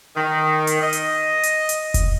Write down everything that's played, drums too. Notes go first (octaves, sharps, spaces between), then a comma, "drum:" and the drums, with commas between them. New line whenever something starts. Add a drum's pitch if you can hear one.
D#3
drum: hi-hat
D#5
drum: hi-hat
drum: hi-hat
drum: hi-hat
drum: kick F1, hi-hat